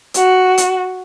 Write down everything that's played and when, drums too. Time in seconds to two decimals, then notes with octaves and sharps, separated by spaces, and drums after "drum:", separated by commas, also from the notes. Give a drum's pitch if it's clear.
0.14 F#4, drum: hi-hat
0.58 drum: hi-hat